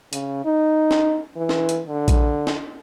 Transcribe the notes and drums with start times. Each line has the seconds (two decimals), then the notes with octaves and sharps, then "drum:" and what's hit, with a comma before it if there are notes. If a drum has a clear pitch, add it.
0.13 C#3, drum: hi-hat
0.45 D#4
0.91 drum: snare
1.37 E3
1.49 drum: snare
1.69 drum: hi-hat
1.87 D3
2.08 drum: kick A#1, hi-hat
2.47 drum: snare